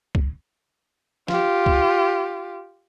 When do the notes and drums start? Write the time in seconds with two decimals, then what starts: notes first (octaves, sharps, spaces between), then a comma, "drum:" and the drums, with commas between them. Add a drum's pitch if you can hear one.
0.15 drum: kick
1.28 F4 G4, drum: snare
1.66 drum: kick